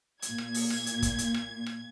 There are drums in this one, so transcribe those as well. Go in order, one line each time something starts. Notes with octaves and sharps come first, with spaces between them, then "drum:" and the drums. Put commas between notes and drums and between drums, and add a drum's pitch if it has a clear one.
A#2 G#6, drum: hi-hat
drum: rim click
drum: open hi-hat
drum: rim click
drum: hi-hat
drum: kick, hi-hat
drum: hi-hat
drum: rim click
drum: rim click